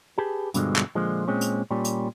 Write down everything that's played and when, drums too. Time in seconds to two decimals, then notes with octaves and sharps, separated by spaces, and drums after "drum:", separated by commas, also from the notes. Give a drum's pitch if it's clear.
0.18 G4 G#4 B4 A5
0.54 G2 B2 D3 D#3 F3 G#3, drum: hi-hat
0.76 drum: clap
0.95 A#2 D3 F3 G#3
1.28 A#2 G#3 C4 C#4
1.41 drum: hi-hat
1.71 A#2 G3 C#4
1.84 drum: hi-hat